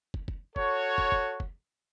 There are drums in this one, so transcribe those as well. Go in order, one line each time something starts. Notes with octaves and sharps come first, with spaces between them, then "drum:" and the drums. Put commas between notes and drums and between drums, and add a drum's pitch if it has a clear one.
drum: kick
drum: kick
F#4 A4 C#5, drum: kick
drum: kick
drum: kick
drum: kick